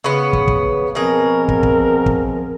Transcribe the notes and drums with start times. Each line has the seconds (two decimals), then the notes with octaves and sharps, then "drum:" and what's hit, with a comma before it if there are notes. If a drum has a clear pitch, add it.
0.04 C#3 B3
0.33 drum: kick
0.48 drum: kick
0.95 B2 F3 B3 C4 G#4 A#4
1.48 drum: kick
1.63 drum: kick
2.06 drum: kick